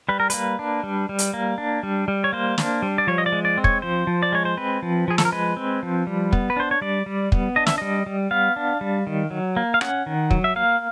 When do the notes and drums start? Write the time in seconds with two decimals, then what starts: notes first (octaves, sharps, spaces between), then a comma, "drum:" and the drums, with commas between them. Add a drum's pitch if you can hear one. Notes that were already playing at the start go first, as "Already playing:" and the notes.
0.09 G3 B4
0.20 A#4
0.30 A#3 B4, drum: hi-hat
0.59 D4
0.83 G3
1.09 G3
1.19 drum: hi-hat
1.34 A#3
1.58 D4
1.83 G3
2.08 G3
2.24 C#5
2.33 A#3 C5
2.58 D4, drum: snare
2.82 G3
2.98 D5
3.07 F3 C#5
3.18 D#5
3.26 D5
3.32 G#3
3.45 D5
3.58 C4
3.64 C#5, drum: kick
3.82 F3 C5
4.07 F3
4.23 D5
4.32 G#3 C#5
4.45 C5
4.57 C4 B4
4.82 F3
5.08 F3 G#4
5.18 A4, drum: snare
5.25 A#4
5.32 G#3 B4
5.57 C4
5.83 F3
6.07 G3
6.33 B3, drum: kick
6.50 B4
6.56 D4 C5
6.71 C#5
6.81 G3 D5
7.06 G3
7.32 B3, drum: kick
7.56 D4 D#5
7.66 E5, drum: snare
7.78 G3 D#5
8.06 G3
8.31 B3 F5
8.56 D4
8.81 G3
9.07 D#3
9.30 F#3
9.56 A#3
9.74 F5
9.81 C#4 F#5, drum: rim click
10.06 D#3
10.31 F#3, drum: kick
10.44 E5
10.56 A#3 F5